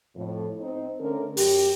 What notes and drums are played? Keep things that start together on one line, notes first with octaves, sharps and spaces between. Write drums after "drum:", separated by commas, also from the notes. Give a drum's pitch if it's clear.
F2 A2
C4 D#4
D3 A3 C#4 D4 A#4
F#2 G4, drum: open hi-hat